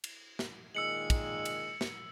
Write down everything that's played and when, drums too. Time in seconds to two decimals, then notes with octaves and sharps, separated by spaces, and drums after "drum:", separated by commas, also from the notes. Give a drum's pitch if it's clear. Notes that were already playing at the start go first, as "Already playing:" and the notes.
0.04 drum: cymbal
0.39 drum: snare
0.75 A#2 D#3 G#3 E6 C#7 F#7
1.10 drum: kick, cymbal
1.45 drum: cymbal
1.81 drum: snare